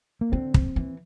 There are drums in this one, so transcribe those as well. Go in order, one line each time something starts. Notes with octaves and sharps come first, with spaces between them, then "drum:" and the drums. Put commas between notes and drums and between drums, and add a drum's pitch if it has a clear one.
A#3
D3 C4
drum: kick
E3